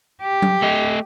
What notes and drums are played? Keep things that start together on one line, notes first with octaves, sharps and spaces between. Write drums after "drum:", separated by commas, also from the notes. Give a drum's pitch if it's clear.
G4
drum: tom F#3
A3 D#5